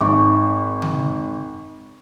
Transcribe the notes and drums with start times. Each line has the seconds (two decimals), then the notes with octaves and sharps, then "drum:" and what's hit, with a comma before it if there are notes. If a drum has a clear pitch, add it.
0.01 G#1 D#4 C#6 D6
0.82 drum: tom C#3